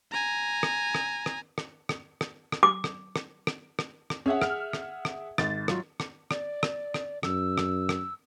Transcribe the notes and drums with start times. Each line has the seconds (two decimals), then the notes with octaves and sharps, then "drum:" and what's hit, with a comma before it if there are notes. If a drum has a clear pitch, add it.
0.12 G#5 A#5
0.63 drum: rim click
0.95 drum: rim click
1.26 drum: rim click
1.58 drum: rim click
1.89 drum: rim click
2.21 drum: rim click
2.52 drum: rim click
2.63 D6
2.84 drum: rim click
3.16 drum: rim click
3.47 drum: rim click
3.79 drum: rim click
4.10 drum: rim click
4.26 C#4 G#4 E5 F#5
4.41 F6, drum: rim click
4.73 drum: rim click
5.05 drum: rim click
5.38 G#1 A6, drum: rim click
5.68 F#3 F4, drum: rim click
6.00 drum: rim click
6.31 D5, drum: rim click
6.63 drum: rim click
6.94 drum: rim click
7.23 F#2 E6, drum: rim click
7.58 drum: rim click
7.89 drum: rim click